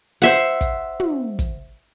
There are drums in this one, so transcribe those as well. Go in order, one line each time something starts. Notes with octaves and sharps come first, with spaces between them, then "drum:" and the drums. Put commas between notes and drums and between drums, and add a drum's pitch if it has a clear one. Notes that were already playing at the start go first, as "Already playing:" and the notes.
C5 E5 F#5, drum: hi-hat
drum: kick, hi-hat
drum: tom
drum: kick, hi-hat